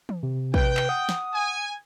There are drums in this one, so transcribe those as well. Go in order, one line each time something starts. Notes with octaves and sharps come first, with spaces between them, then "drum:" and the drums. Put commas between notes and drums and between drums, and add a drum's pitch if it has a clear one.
drum: tom
C3
B4 G5, drum: kick
drum: clap
F#5 D#6
drum: snare
G#5